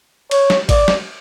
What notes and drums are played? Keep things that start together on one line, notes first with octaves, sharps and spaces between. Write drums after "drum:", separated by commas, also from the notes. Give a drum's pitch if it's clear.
C#5, drum: cymbal
drum: snare
D5, drum: kick, cymbal
drum: snare